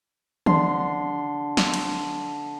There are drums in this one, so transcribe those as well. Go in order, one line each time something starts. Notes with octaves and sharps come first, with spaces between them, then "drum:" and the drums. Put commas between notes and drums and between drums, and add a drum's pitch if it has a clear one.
D3 C6, drum: tom D#3
drum: snare
drum: cymbal